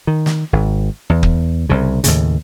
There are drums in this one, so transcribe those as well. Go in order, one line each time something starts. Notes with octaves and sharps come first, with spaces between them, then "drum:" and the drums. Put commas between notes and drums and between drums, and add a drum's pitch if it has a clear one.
D#3
drum: snare
G#1
E2
drum: kick
C2 C#3
D#2 A2 C#3, drum: hi-hat